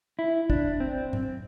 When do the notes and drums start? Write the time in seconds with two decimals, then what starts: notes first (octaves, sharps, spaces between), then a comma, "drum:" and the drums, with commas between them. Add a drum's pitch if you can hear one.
0.19 E4
0.50 D4, drum: kick
0.80 C4
1.13 drum: tom G#2